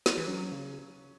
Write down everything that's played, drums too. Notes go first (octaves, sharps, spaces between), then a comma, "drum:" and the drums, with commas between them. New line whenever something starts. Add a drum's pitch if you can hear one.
drum: snare
E3
F#3 C#4
C#3